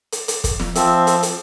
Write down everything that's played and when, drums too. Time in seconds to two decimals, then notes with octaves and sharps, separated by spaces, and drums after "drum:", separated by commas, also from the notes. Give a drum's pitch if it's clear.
0.12 drum: hi-hat
0.28 drum: hi-hat
0.44 drum: kick, hi-hat
0.60 drum: snare
0.75 F3 C4 E5, drum: hi-hat
1.07 drum: hi-hat
1.23 drum: hi-hat